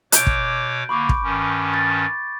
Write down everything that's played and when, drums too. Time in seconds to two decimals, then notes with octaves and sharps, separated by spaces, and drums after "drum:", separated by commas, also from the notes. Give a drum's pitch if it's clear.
0.12 B2 C#5 D6 F#6 G6 D7, drum: hi-hat
0.27 drum: kick
0.89 D3 A#3 B5 C#6 D6
1.09 drum: kick
1.23 G2 D#3 C#4
1.74 A6